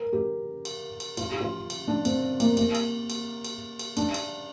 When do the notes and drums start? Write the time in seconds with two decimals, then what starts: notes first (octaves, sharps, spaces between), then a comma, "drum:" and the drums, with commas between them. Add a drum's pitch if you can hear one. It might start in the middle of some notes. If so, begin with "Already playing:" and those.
Already playing: A#4
0.13 G4
0.65 drum: cymbal
1.00 drum: cymbal
1.17 F4, drum: cymbal
1.32 G4
1.41 F4
1.70 drum: cymbal
1.88 D4
2.05 C4, drum: cymbal
2.40 A#3, drum: cymbal
2.57 A#3, drum: cymbal
2.75 drum: cymbal
3.10 drum: cymbal
3.45 drum: cymbal
3.79 drum: cymbal
3.97 D4, drum: cymbal
4.14 drum: cymbal